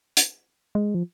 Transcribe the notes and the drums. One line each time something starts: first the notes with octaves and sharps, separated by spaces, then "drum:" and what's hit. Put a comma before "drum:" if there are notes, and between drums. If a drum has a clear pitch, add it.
drum: hi-hat
G#3
F3